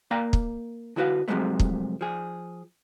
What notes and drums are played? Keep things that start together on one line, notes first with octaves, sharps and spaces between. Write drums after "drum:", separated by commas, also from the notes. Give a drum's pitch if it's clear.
A#3 D5 F5 G5 A#5
drum: kick
D3 E4 F#4 B4 F5
F2 C3 F3 F#3 G#3 A3
drum: kick
F3 G#4